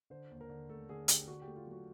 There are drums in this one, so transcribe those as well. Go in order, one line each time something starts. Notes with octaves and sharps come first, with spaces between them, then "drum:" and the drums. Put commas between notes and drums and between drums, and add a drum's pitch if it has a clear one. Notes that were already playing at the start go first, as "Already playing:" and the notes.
D3 C5
D#2
A#4
D3
A3 A4
D3 G#4
D3 G4, drum: hi-hat
D3 F#4
G4
A3
F4
F#3 F#4